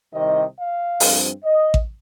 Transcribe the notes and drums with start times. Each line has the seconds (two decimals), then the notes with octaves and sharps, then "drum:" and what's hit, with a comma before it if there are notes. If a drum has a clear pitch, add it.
0.12 C2 C3 D#3 D#5
0.56 F5
1.00 G2 F3 C4, drum: open hi-hat
1.44 D#5
1.74 drum: kick A1